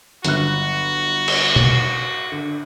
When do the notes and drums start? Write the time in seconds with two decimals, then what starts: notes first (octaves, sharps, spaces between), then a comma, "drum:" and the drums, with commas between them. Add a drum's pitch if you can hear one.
0.24 G1 F#3 F#4 F#6, drum: hi-hat
1.28 drum: cymbal
1.56 drum: tom B2
2.32 D3